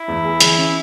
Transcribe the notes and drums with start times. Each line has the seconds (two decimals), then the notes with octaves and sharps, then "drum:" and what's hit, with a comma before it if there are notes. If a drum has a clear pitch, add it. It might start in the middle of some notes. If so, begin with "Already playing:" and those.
Already playing: E4
0.08 E2
0.25 G#4
0.40 E3, drum: hi-hat
0.57 C#4